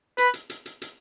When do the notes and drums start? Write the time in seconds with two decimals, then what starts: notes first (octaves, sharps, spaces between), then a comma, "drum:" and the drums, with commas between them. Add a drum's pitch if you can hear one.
0.18 B4, drum: hi-hat
0.34 drum: hi-hat
0.50 drum: hi-hat
0.66 drum: hi-hat
0.82 drum: hi-hat